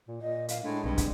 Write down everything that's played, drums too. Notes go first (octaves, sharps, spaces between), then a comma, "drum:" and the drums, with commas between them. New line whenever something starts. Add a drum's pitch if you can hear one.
A#2
A#2 D#5
F5, drum: hi-hat
A2 G#3 D4
B1 G2 C4
drum: kick, hi-hat